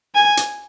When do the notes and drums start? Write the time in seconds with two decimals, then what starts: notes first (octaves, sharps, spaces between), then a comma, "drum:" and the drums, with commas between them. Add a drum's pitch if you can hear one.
0.15 G#5
0.37 drum: hi-hat